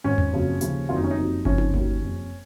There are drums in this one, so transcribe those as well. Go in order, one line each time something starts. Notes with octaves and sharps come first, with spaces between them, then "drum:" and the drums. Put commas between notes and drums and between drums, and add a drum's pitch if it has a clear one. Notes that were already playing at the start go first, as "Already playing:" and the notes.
G#1 G#2 D#3 C#4
drum: tom E2
F#1 F2 C#3 F#3
D#2 C#3 F3, drum: hi-hat
F#1 F2 D#3 F#3 F4
D#4
C#4
D#4
F#1 F2 C3 F#3
F#1 F2 C#3 F3 C#4, drum: kick G1
drum: tom D#4
D#2 D#3 F#3, drum: kick G1
F#1 F2 C3